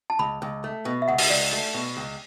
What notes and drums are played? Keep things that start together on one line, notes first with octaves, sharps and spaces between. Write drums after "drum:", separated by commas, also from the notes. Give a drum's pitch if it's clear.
A5
C#2 B5
C#2
A3
B2
E5
C#2 F#5
drum: open hi-hat
C#2 D5
A3
B2
C#2